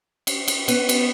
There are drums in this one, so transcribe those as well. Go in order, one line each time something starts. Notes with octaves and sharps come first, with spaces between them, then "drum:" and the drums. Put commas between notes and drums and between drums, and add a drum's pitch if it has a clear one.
drum: cymbal
drum: cymbal
B3, drum: cymbal
drum: cymbal